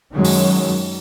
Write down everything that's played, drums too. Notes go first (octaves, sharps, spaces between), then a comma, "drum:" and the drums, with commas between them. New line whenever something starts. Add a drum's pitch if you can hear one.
F#2 D#3 F#3 G#3
drum: open hi-hat